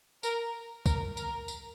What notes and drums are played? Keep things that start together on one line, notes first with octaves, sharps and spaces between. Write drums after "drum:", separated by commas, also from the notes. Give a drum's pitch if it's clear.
A#4, drum: tambourine
A#4, drum: kick C2, tambourine
A#4, drum: tambourine
drum: tambourine